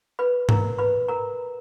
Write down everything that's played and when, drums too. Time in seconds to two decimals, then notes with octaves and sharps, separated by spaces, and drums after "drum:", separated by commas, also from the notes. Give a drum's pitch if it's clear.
0.19 B4 B5
0.49 A#4 A#5, drum: tom G#2
0.78 B4 B5
1.08 A#4 A#5